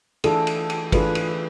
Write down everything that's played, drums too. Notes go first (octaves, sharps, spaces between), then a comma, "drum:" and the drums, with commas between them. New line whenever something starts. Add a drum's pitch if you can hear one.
E3 A3 D4 F4 G#4 A4, drum: cymbal
drum: cymbal
drum: cymbal
E3 A3 D4 F4 G#4 B4, drum: kick G1, cymbal
drum: cymbal